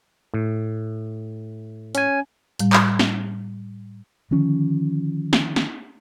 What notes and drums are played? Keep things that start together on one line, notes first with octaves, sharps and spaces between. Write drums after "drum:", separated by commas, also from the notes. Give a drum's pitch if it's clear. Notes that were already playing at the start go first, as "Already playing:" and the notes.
A2
C#4 G#5, drum: hi-hat
A2 G3, drum: hi-hat
drum: clap
drum: snare
D3 D#3 F3 C#4
drum: snare
drum: snare